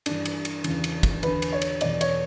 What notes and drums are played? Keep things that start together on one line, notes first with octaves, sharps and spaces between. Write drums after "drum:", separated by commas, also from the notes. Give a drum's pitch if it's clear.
G2 E3 D4, drum: cymbal
drum: cymbal
drum: cymbal
E2 C#3 E3, drum: cymbal
drum: cymbal
drum: kick, cymbal
E2 D3 B4, drum: cymbal
drum: cymbal
C#5
drum: cymbal
E2 B2 D5, drum: cymbal
C#5, drum: cymbal